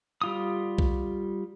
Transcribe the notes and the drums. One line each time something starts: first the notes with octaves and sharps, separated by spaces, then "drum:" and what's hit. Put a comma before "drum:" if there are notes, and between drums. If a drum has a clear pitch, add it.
G3 F4 D#6
drum: kick B1